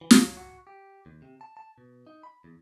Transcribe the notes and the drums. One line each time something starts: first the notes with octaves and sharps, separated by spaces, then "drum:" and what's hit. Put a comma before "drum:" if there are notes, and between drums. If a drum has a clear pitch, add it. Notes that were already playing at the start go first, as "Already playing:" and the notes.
E3
drum: snare
F#3
F#4
G4
D#2
C3
A5
A5
B2
D#4
B5
E2